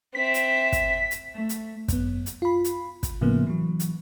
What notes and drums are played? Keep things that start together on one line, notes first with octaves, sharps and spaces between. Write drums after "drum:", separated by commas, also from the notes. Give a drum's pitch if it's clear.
C4 E5 B6
drum: hi-hat
drum: kick, hi-hat
drum: hi-hat
A3
drum: hi-hat
F#2 B3, drum: kick, hi-hat
drum: hi-hat
F4 B5
drum: hi-hat
drum: kick, hi-hat
A2 C#3 F3 A#3 B3
E3 F#3
drum: hi-hat